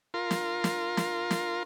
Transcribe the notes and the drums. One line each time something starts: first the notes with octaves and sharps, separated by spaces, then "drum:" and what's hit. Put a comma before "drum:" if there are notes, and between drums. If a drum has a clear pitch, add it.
F4 A#4 C6
drum: snare
drum: snare
drum: snare
drum: snare